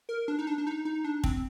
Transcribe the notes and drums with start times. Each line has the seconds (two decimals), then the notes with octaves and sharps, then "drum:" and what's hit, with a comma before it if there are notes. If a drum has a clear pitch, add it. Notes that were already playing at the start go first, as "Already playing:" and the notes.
0.09 A#4
0.28 D4
0.39 D#4
0.47 D4
0.58 D4
0.67 D#4
0.85 D#4
1.04 D4
1.24 C4, drum: kick